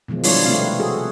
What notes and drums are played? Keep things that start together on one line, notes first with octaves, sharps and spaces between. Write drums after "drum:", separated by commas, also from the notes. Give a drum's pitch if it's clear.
B2 D#3 F3 G#3
G3 D4 E4 F4 C#5 D5, drum: open hi-hat
C3 A3 A#3 C4 F5
B4
F#4 G#4 A4